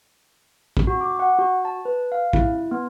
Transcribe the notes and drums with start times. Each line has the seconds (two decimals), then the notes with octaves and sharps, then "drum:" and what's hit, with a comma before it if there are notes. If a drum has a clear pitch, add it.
0.77 drum: kick
0.87 F#4
1.01 D6
1.19 F#5
1.39 F#4
1.65 A5
1.85 B4
2.12 F5
2.33 E4, drum: kick
2.71 B3